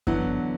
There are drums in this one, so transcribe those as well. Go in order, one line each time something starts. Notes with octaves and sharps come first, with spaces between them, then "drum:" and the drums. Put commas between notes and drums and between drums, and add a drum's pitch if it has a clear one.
D3 E3 F#3 B3 E4 B4, drum: kick F#2